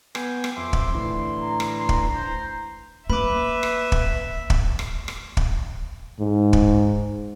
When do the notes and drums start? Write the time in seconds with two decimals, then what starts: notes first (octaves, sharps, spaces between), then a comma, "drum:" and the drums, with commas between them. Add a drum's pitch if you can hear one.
0.15 B3 G5 G#5, drum: rim click
0.44 drum: rim click
0.57 F2 E5 C6 D6
0.73 drum: kick
0.95 A2 D3 E3
1.39 A#5
1.60 drum: rim click
1.79 C6
1.89 drum: kick
2.15 C5
3.10 A#3 B4 E5 B5 D6
3.63 drum: rim click
3.92 drum: kick
4.50 drum: kick
4.79 drum: rim click
5.08 drum: rim click
5.37 drum: kick
6.20 G#2
6.53 drum: kick